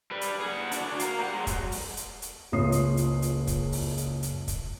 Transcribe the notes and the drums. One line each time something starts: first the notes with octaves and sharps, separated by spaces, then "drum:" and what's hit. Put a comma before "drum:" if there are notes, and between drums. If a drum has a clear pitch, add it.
G3 B4
drum: hi-hat
G#4 F#5
D4 F#4, drum: hi-hat
F5 A#5, drum: hi-hat
G3 F#5
F#3 G#3
drum: kick, hi-hat
drum: open hi-hat
drum: hi-hat
drum: hi-hat
F#1 C#2 F4 C#5 D#6 C7
drum: hi-hat
drum: hi-hat
drum: hi-hat
drum: kick, hi-hat
drum: open hi-hat
drum: hi-hat
drum: hi-hat
drum: kick, hi-hat